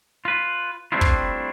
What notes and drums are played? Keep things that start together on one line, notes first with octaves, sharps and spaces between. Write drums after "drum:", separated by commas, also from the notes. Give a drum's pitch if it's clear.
F4 B4
G3 A3 C4 D4 E4 F4
drum: kick